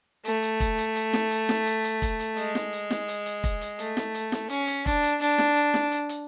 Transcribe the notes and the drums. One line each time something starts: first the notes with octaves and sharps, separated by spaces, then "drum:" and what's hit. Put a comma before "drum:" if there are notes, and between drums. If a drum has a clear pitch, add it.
A3, drum: hi-hat
drum: hi-hat
drum: kick, hi-hat
drum: hi-hat
drum: hi-hat
drum: snare
drum: hi-hat
drum: snare
drum: hi-hat
drum: hi-hat
drum: kick, hi-hat
drum: hi-hat
G#3, drum: hi-hat
drum: snare
drum: hi-hat
drum: snare
drum: hi-hat
drum: hi-hat
drum: kick, hi-hat
drum: hi-hat
A3, drum: hi-hat
drum: snare
drum: hi-hat
drum: snare
C#4, drum: hi-hat
drum: hi-hat
D4, drum: kick, hi-hat
drum: hi-hat
D4, drum: hi-hat
drum: snare
drum: hi-hat
drum: snare
drum: hi-hat
drum: hi-hat